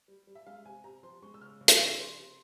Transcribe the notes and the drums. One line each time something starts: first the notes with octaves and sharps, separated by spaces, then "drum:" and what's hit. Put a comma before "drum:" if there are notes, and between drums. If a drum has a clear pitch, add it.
G3
G3
E5
G#3 F5
C3 G#5
C3 A#5
F3 C6
G#3 C#6
E6
C#3 F6
C#3
E6, drum: hi-hat
F3 C#6
C3 C6
C3